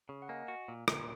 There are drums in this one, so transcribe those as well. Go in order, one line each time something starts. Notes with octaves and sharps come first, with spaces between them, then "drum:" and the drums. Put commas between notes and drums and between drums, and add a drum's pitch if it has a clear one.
C#3
F#5
A#3 D#5 G#5
F#4
A#2
A#2, drum: rim click